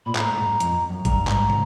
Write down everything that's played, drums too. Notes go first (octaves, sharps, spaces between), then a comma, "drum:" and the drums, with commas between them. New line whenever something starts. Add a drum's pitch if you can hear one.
A#2 B5
A2 A#5, drum: clap
G#2
G2
G#2
F2, drum: hi-hat
F#2
G2 A#5, drum: kick, hi-hat
G#2, drum: clap
drum: tom